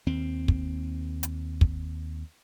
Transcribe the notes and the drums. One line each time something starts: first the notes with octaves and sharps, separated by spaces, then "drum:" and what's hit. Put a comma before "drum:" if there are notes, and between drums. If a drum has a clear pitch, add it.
D#2 C4
drum: kick
drum: hi-hat
drum: kick